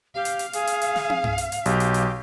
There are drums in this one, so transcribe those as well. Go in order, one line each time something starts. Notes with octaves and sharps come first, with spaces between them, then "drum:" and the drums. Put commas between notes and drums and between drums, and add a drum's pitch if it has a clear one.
G4 F5
drum: hi-hat
drum: hi-hat
G#4, drum: hi-hat
drum: hi-hat
drum: hi-hat
drum: snare
drum: tom
drum: tom G2
drum: hi-hat
drum: hi-hat
B1 G4, drum: hi-hat
drum: hi-hat
drum: hi-hat